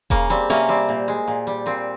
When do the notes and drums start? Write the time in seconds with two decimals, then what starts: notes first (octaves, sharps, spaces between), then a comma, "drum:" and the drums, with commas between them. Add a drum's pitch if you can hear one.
0.10 C#3 A#3, drum: kick E1
0.30 G3 C4
0.50 C3 A#3 C#4, drum: snare
0.69 G3 C4
0.89 A#2
1.08 G#3
1.28 A#2
1.47 G3
1.66 A#2 C4